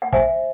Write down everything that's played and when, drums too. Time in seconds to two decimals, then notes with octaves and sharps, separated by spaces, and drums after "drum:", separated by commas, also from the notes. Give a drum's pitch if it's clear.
0.02 F#5
0.13 C5 E5 G#5, drum: kick